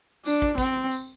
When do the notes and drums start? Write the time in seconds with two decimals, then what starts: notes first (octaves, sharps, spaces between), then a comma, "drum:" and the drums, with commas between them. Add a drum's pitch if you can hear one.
0.25 D4, drum: tambourine
0.42 drum: kick
0.58 C4, drum: kick, tambourine
0.91 drum: tambourine